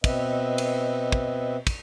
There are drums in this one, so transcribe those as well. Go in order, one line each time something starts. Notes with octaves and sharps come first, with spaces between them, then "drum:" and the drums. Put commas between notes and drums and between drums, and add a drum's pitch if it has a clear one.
B2 C4 B4 D#5 E5, drum: kick, cymbal
drum: cymbal
drum: kick
drum: kick, cymbal